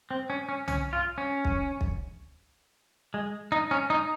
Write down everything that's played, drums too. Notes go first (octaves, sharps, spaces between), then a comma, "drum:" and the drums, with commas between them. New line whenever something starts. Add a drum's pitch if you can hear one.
C4
C#4
C#4
C#4, drum: tom
F4
C#4
drum: kick
drum: kick
G#3
D#4
C#4
D#4